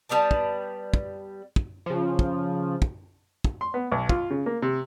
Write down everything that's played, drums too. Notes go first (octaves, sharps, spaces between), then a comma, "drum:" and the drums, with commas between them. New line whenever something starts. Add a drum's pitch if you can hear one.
G3 B3 D5 A5
drum: kick
drum: kick
drum: kick
C#3 F3
drum: kick
drum: kick
drum: kick
C6
B3
B1
F4, drum: kick
C#3
A#3
C3